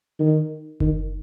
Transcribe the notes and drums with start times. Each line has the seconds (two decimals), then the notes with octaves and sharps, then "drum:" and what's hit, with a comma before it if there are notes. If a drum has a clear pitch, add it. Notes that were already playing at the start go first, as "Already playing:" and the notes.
0.19 D#3
0.80 D#3, drum: kick F#1